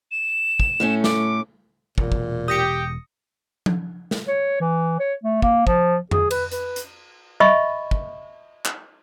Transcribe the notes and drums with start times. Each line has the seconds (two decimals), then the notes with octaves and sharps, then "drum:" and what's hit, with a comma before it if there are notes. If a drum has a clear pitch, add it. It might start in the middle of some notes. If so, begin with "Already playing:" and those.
0.11 E7
0.60 drum: kick
0.80 A2 A3 C#4
1.04 D6, drum: snare
1.98 E1 A#2, drum: kick
2.12 drum: kick
2.48 G4 D#6 A#6 C#7
3.66 drum: tom F3
4.11 drum: snare
4.28 C#5
4.61 E3
4.99 C#5
5.23 A3
5.42 A#3, drum: kick
5.67 F3, drum: kick
6.11 G#4, drum: tom F2
6.31 B4, drum: cymbal
6.51 B4, drum: hi-hat
6.76 drum: hi-hat
7.40 D#5 E5 B5 C#6
7.91 drum: kick
8.65 drum: clap